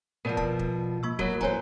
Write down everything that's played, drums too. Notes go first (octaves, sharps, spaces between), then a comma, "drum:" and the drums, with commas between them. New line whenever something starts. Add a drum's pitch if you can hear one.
B2 F3 A#4 B4 D5
A5, drum: kick
drum: kick
A#3 C#6 E6
F#3 F#4 A#4 C#5, drum: kick
E3 C5 C#5 G#5 A#5, drum: kick